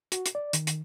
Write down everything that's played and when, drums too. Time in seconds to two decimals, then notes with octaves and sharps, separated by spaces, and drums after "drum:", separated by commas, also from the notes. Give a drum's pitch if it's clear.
0.12 F#4, drum: hi-hat
0.26 drum: hi-hat
0.35 D5
0.53 D#3, drum: hi-hat
0.67 drum: hi-hat